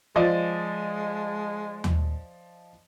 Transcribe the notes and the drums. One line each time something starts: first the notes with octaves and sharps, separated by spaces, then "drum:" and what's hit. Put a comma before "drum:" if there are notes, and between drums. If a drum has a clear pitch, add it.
F3 G#3 D5 D#5
drum: tom D#2